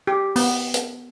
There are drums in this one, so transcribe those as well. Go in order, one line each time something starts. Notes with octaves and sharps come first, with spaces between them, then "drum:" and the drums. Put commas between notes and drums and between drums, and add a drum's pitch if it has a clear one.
G4
B3, drum: open hi-hat
drum: hi-hat